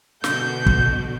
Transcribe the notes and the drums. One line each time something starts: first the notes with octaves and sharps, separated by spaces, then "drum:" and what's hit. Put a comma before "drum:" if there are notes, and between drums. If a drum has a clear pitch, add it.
B2 D3 F#4 G6, drum: snare
drum: kick